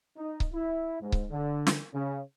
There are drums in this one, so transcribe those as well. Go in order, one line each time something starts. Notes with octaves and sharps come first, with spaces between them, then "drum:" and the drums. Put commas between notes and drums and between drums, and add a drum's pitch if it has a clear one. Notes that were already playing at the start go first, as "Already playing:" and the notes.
D#4
drum: kick C#1
E4
G#2
drum: kick C#1
D3
drum: snare
C#3